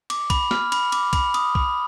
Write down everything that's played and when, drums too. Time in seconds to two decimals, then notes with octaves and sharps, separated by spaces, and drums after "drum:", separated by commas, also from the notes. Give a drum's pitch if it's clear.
0.10 D6, drum: cymbal
0.30 B5, drum: kick, cymbal
0.51 F6, drum: snare
0.72 B5, drum: cymbal
0.92 D6, drum: cymbal
1.13 B5, drum: kick, cymbal
1.34 D#6, drum: cymbal
1.55 B5, drum: kick